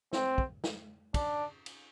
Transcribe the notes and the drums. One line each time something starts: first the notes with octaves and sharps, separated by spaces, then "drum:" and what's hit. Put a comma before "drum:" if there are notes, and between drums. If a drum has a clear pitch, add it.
C4, drum: snare
drum: kick
drum: snare
D4, drum: kick, cymbal
drum: cymbal